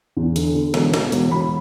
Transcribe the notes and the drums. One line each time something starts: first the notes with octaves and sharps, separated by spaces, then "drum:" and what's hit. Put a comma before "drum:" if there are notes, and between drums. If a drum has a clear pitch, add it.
E2
D3, drum: hi-hat
D3
E1, drum: snare
E1, drum: snare
E1, drum: hi-hat
E1 B5